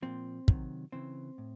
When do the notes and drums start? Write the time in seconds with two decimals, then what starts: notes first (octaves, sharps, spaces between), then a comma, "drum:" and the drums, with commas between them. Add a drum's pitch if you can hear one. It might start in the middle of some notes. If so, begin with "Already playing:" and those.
0.02 A#2 F3 C4
0.48 C3 D#3 F#3, drum: kick
0.92 C#3 E3 C4
1.38 A2